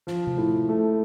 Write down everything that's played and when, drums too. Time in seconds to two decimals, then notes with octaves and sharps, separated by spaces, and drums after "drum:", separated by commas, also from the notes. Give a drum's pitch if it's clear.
0.07 F3, drum: snare
0.27 drum: tom C3
0.38 A2
0.69 A3